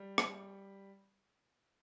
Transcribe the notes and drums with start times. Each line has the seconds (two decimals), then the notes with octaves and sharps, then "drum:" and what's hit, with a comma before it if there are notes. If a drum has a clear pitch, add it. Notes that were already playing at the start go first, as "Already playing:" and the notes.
Already playing: G3
0.18 drum: rim click